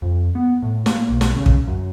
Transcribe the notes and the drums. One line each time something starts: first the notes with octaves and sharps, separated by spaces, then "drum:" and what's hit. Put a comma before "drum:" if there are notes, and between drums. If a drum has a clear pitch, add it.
F2
B3
A2
A#3, drum: snare
B1
drum: snare
C#3
drum: kick
F#2